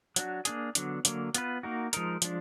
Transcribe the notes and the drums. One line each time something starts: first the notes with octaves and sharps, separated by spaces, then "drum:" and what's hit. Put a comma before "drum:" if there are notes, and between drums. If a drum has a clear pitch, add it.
F#3 D4 F#4, drum: hi-hat
A#3 D4 G#4, drum: hi-hat
D3 F#3 B3 D4, drum: hi-hat
D3 F#3 A#3, drum: hi-hat
B3 F4 B4, drum: hi-hat
A#3 D#4 F#4 A#4
F3 G#3 D#4 A#4, drum: hi-hat
F3 G#3 D4, drum: hi-hat